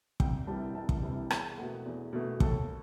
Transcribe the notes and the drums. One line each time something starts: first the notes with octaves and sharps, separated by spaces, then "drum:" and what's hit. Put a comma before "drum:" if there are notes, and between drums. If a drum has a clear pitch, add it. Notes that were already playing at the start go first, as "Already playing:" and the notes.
C2 G5, drum: kick
C3 E3 G3 A5
C2 A5
drum: kick
C3 E3 G3
E2 G5, drum: rim click
B2 A3 F#5
E2
B2 A3
D#2 A4, drum: kick